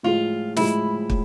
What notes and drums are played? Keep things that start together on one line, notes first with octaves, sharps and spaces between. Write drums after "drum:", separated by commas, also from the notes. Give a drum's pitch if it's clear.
A2 F3 G#3 F4
A2 F3 G#3 E4, drum: snare
A2, drum: kick